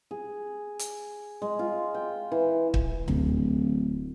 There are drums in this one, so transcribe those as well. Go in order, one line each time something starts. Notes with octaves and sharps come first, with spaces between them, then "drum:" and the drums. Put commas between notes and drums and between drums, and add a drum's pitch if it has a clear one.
G#4
drum: hi-hat
G#3
F4
G5
E3
drum: kick
D1, drum: tom D2